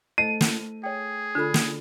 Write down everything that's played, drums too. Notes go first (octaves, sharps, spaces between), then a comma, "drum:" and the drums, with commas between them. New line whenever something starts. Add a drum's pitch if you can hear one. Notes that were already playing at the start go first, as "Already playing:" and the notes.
A3 E4 A4 C5 D#5 D#7
drum: snare
G#4 C#5 G5
D3 D4 F4 A4 B5
drum: snare